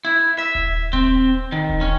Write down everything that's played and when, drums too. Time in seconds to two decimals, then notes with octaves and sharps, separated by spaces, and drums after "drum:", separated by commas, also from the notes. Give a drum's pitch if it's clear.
0.05 E4
0.39 E5
0.55 drum: kick D#1
0.93 C4, drum: kick D#1
1.52 D#3
1.69 drum: kick D#1
1.81 C#4